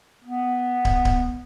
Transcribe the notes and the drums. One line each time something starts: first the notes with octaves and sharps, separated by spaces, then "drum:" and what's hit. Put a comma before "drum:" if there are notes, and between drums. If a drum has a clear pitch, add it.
B3
drum: kick
drum: kick